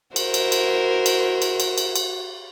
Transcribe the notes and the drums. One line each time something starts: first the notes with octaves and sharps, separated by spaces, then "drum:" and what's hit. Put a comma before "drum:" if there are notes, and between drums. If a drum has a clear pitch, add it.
E4 F#4 A#4 C5, drum: cymbal
drum: cymbal
drum: cymbal
drum: cymbal
drum: cymbal
drum: cymbal
drum: cymbal
drum: cymbal